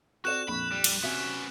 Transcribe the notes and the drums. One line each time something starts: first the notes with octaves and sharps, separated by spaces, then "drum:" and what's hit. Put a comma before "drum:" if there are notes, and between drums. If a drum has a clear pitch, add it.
C4 F#4 A4 D5 F#6 E7
A#1 F2 B5 C#6
G3
drum: cymbal
C3 B3 C#4 F#4 E5